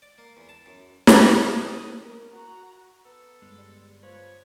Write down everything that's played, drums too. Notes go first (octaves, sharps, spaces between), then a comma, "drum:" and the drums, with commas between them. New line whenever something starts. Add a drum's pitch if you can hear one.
D5
A#3
E2
A5
F#2
drum: snare
D#6
A#4
F#4 A#5
B3 A4
G1 G#3
G3
F3 B4 C#5